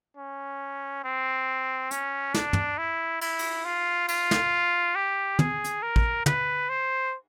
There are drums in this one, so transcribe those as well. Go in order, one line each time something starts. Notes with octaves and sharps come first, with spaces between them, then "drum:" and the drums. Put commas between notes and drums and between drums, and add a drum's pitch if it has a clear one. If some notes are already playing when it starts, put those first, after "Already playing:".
C#4
C4
C#4, drum: hi-hat
D4, drum: snare
drum: tom
E4
E4, drum: cymbal
drum: cymbal
F4
F4, drum: cymbal
drum: snare
G4
G#4, drum: tom
drum: hi-hat
A#4
drum: kick
B4, drum: tom
C5